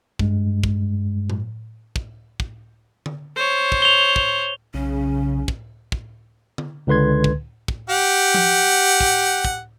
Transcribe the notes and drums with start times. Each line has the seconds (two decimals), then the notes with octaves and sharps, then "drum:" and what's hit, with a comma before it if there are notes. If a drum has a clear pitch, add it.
0.19 G2 G#3, drum: kick
0.63 drum: kick
1.30 drum: tom A2
1.96 drum: kick
2.40 drum: kick
3.06 drum: tom D3
3.36 C5 C#5
3.72 drum: kick
3.82 F7 G7
4.16 drum: kick
4.74 B1 C#3 C#4
5.48 drum: kick
5.92 drum: kick
6.58 drum: tom D3
6.87 C#2 D3 B4 C6 G#6
7.24 drum: kick
7.68 drum: kick
7.90 G4 F#5
8.34 drum: tom F3
9.01 drum: kick
9.45 drum: kick